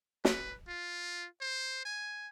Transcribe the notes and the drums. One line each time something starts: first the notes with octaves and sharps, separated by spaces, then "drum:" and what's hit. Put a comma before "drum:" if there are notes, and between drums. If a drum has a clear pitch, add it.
B4, drum: snare
F4
C5
G#5